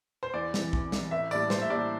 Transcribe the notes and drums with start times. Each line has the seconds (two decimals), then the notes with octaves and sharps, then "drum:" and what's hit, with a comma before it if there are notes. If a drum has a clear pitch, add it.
0.23 C5
0.33 E2 D5
0.54 C3 E3, drum: snare
0.73 E2, drum: kick A#1
0.92 C3 E3, drum: snare
1.11 A1 E5
1.31 A2 G3 A#3 D4 D5, drum: tambourine
1.50 A1 C5, drum: snare
1.61 E5
1.70 A2 G3 A#3 D4 D5